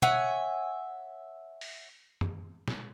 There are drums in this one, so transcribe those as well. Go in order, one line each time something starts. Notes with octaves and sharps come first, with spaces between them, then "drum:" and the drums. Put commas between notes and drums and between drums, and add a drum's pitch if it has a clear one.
C#5 E5 F#5 G#5, drum: tom B2
drum: open hi-hat
drum: tom F#2
drum: snare